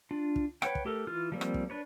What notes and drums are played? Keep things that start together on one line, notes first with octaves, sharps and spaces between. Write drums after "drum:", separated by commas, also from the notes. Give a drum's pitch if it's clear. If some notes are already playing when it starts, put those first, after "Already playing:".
D4 F4
drum: kick
B4 C#5 F#5 G5, drum: rim click
drum: kick
A3 G4 A4 A#4
E3 F4 F6
F3 G3 A#3 C4
drum: rim click
drum: kick
D4 B4 C#5